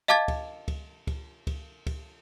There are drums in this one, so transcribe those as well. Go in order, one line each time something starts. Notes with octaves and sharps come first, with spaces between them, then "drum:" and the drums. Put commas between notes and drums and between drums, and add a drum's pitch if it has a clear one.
D#5 F5 A5 D6 G#6 A6
drum: kick C#2, cymbal
drum: kick C#2, cymbal
drum: kick C#2, cymbal
drum: kick C#2, cymbal
drum: kick C#2, cymbal